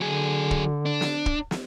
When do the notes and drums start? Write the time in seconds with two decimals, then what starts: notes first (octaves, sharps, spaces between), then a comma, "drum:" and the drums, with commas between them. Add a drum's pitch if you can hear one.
0.01 D3 F#3 G#4
0.51 drum: kick
0.86 D4
1.01 drum: snare
1.26 drum: kick
1.51 drum: snare